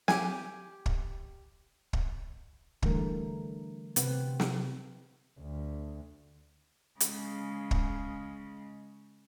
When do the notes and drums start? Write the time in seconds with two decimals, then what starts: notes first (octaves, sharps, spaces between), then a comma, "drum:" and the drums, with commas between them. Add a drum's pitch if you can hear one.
0.08 G4 G#5, drum: snare
0.86 drum: kick
1.93 drum: kick
2.82 D3 E3 G3 A3 A#4, drum: kick
3.96 C3 C4 B4 F#5, drum: hi-hat
4.40 drum: snare
5.39 D2
7.00 C#3 G#3, drum: hi-hat
7.71 drum: kick